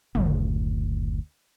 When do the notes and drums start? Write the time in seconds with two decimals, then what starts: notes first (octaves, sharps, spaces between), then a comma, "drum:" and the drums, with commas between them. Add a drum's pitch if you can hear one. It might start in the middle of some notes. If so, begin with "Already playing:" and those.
0.15 F#1 D2 A2, drum: tom